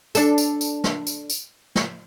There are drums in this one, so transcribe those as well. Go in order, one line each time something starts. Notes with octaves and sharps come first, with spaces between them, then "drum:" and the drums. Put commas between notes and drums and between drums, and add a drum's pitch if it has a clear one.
D4 A4, drum: tambourine
drum: tambourine
drum: tambourine
drum: snare
drum: tambourine
drum: tambourine
drum: snare